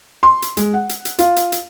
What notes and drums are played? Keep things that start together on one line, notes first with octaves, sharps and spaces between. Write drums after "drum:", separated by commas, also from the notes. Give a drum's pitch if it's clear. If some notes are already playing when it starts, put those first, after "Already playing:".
C6
drum: hi-hat
G#3, drum: hi-hat
F#5
drum: hi-hat
drum: hi-hat
F4, drum: hi-hat
drum: hi-hat
drum: hi-hat